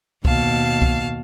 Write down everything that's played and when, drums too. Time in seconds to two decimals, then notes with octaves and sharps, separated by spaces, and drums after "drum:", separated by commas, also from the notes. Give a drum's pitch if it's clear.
0.25 D#2 B2 F5 A5, drum: kick C2
0.82 drum: kick C2